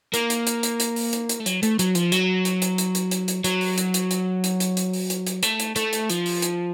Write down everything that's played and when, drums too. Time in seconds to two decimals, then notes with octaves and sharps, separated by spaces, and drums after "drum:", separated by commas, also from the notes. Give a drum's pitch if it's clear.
0.14 A#3, drum: hi-hat
0.30 drum: hi-hat
0.47 drum: hi-hat
0.63 drum: hi-hat
0.80 drum: hi-hat
0.96 drum: open hi-hat
1.13 drum: hi-hat
1.29 drum: hi-hat
1.40 A3
1.46 F#3, drum: hi-hat
1.63 A3, drum: hi-hat
1.79 F#3, drum: hi-hat
1.95 F3, drum: hi-hat
2.12 F#3, drum: hi-hat
2.45 drum: hi-hat
2.62 drum: hi-hat
2.78 drum: hi-hat
2.95 drum: hi-hat
3.11 drum: hi-hat
3.28 drum: hi-hat
3.44 F#3, drum: hi-hat
3.61 drum: open hi-hat
3.78 drum: hi-hat
3.94 drum: hi-hat
4.11 drum: hi-hat
4.44 drum: hi-hat
4.60 drum: hi-hat
4.77 drum: hi-hat
4.93 drum: open hi-hat
5.10 drum: hi-hat
5.27 drum: hi-hat
5.43 A3, drum: hi-hat
5.60 drum: hi-hat
5.76 A3, drum: hi-hat
5.93 drum: hi-hat
6.10 F3, drum: hi-hat
6.26 drum: open hi-hat
6.42 drum: hi-hat